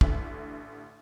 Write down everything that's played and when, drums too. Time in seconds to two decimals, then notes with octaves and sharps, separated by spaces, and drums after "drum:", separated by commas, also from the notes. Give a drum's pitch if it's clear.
0.01 A1 D3 E5, drum: kick